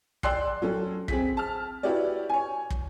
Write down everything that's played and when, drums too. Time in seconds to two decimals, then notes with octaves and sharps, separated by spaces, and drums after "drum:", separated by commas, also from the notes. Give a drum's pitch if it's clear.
0.23 D5 G5 C6 E6 F#6 C7, drum: kick
0.62 F#3 C#4 A4
1.08 C4 G#4 B6, drum: kick
1.37 A5 F6
1.83 E4 F#4 G4 B4 C#5 D5
2.29 C#5 G#5
2.70 drum: kick